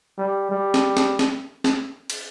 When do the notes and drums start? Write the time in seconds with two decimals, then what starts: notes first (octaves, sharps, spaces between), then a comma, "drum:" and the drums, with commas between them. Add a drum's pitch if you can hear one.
0.18 G3
0.51 G3
0.74 drum: snare
0.97 drum: snare
1.19 drum: snare
1.64 drum: snare
2.10 drum: cymbal